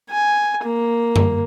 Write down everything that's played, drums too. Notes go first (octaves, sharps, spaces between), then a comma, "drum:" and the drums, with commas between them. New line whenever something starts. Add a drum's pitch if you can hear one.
G#5
A#3
drum: tom F#2